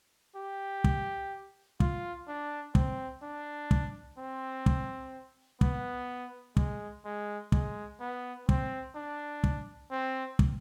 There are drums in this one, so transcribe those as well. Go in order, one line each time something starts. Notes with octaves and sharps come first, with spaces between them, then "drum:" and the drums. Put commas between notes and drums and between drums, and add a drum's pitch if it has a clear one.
G4
drum: kick
F4, drum: kick
D4
C4, drum: kick
D4
drum: kick
C4
drum: kick
B3, drum: kick
G#3, drum: kick
G#3
G#3, drum: kick
B3
C4, drum: kick
D4
drum: kick
C4
drum: kick